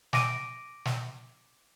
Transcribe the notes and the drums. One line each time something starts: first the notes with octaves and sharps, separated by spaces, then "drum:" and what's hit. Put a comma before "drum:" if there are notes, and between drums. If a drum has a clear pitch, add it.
G#5 D6 A#6 D7 D#7, drum: snare
drum: snare